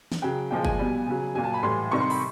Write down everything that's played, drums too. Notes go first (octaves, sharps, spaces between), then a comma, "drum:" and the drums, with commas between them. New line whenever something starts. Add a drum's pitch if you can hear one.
drum: snare
C#3 F#3 G5
A#2 F3 G#3 G5
G#5, drum: kick F#1
B2 G3
C#3 F#3
A#2 F#3 G#5
A5
B5
A2 E3 G3 C6
C3 D#3 G3 C#6
C6
B5, drum: open hi-hat